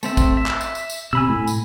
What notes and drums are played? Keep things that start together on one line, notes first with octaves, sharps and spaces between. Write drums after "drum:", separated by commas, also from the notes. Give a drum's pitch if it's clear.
A3 C4 E5, drum: tambourine
drum: kick, tambourine
E5
drum: clap
drum: tambourine
drum: tambourine
drum: tambourine
C3 G#5 B5 E6
A2
drum: tambourine